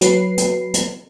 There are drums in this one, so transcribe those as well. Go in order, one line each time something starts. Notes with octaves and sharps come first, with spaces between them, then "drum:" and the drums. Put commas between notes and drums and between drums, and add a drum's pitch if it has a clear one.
F#3 B4 C7, drum: hi-hat
drum: hi-hat
drum: hi-hat